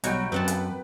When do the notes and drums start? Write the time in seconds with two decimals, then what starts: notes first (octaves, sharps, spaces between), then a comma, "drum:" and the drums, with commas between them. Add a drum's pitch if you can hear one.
0.04 B1 G3 D#4 F#4 C#5 G6 D7, drum: hi-hat
0.32 F#2 C4 B4 F#5 A5
0.48 drum: hi-hat